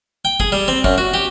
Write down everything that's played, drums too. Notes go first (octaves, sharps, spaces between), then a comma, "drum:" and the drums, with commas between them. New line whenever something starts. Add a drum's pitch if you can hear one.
G5
G#4, drum: kick
G3
C4
F#2, drum: kick
F#4
G4